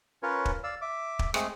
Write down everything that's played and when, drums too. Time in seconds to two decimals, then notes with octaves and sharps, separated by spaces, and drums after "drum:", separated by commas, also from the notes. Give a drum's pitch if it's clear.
0.23 C#4 F4 A#4 B4 C#5
0.45 drum: kick
0.64 D5 F5 E6
0.81 E5 D6
1.19 drum: kick
1.34 G#3 A3 C4 G#4, drum: rim click